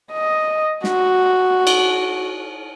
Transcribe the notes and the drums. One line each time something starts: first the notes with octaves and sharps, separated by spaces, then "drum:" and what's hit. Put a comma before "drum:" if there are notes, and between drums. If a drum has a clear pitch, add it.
D#5
F#4, drum: snare
drum: cymbal